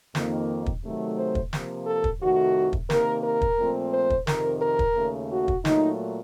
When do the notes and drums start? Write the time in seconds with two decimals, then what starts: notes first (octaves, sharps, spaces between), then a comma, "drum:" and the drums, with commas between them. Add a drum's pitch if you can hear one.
0.15 F2 D#3 A#3, drum: snare
0.66 drum: kick
0.83 C3 D#3 F#3 A3
1.17 C5
1.35 drum: kick
1.53 C3 F3 A#3, drum: snare
1.86 A4
2.04 drum: kick
2.21 F2 C3 D#3 A3 F#4
2.73 drum: kick
2.90 C3 D#3 A#3 A#4, drum: snare
3.24 A#4
3.42 drum: kick
3.59 A#2 F3 A3 C4
3.93 C5
4.10 drum: kick
4.27 F2 C3 D#3 A#4, drum: snare
4.62 A#4
4.79 drum: kick
4.96 D#2 C#3 A3
5.31 F#4
5.48 drum: kick
5.65 A#2 F#3 A3 D#4, drum: snare